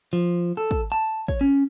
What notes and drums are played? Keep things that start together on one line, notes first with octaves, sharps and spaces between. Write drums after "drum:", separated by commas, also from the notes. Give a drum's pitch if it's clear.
F3
A4
drum: kick
A5
C#5, drum: kick
C#4